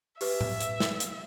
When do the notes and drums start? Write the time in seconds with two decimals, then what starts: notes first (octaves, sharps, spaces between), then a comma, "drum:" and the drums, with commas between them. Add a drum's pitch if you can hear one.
0.21 G4 B4 E5 D6, drum: open hi-hat
0.41 drum: tom A2
0.61 drum: hi-hat
0.80 drum: snare
1.00 drum: hi-hat